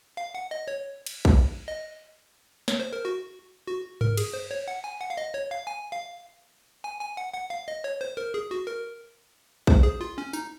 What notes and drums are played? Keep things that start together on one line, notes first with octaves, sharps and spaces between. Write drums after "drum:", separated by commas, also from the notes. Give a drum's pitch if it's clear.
F5
F#5
D#5
C#5
drum: cymbal
drum: kick A#1
D#5
C#5, drum: snare
C5
A#4
F#4
F#4
A#4, drum: tom G2
G#4, drum: cymbal
C5
C#5
F#5
G#5
F#5
F5
D#5
C#5
F5
G#5
F5
G#5
G#5
F#5
F#5
F5
D#5
C#5
C5
A#4
G#4
F#4
A#4
C5, drum: kick A#1
G#4
F4
C#4
D#4, drum: tambourine